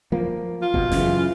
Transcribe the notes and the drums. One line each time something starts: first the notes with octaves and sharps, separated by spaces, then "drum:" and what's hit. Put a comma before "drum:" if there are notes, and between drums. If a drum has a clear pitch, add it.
F3 A#3
F4
B2, drum: kick F#1
F#2 C#3 E3, drum: snare